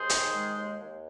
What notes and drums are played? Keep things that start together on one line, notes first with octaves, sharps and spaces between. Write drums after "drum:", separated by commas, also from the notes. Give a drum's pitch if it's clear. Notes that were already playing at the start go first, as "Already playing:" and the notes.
Already playing: D#2 G#4 C5
D#3, drum: hi-hat
G#3
D#2
D#2